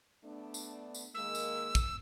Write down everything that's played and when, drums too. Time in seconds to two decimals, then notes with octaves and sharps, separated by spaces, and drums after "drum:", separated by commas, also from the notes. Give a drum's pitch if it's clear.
0.24 A3 B3 D4
0.54 drum: tambourine
0.94 drum: tambourine
1.15 D#3 G#3 A#3 E6
1.35 drum: tambourine
1.75 drum: kick, tambourine